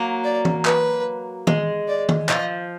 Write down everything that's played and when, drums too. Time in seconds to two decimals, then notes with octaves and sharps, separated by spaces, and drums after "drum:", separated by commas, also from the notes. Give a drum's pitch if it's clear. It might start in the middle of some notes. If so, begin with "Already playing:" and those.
Already playing: F#3 A#3
0.24 D5
0.45 drum: tom E3
0.65 B4, drum: clap
1.47 G#3, drum: tom
1.88 D5
2.09 drum: tom
2.29 F3 D#5, drum: clap